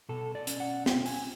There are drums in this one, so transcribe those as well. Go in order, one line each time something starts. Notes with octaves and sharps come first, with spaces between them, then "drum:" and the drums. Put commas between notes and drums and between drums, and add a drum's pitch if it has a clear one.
B2 A4
D5
C#4, drum: hi-hat
F#5
F4 G5, drum: snare
G#5, drum: open hi-hat